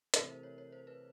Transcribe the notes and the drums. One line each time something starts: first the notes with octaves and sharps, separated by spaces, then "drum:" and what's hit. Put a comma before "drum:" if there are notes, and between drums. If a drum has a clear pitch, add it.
C3 E3 A3 C4 E4 A#4, drum: hi-hat
C5
C#5
C#5
C5
B4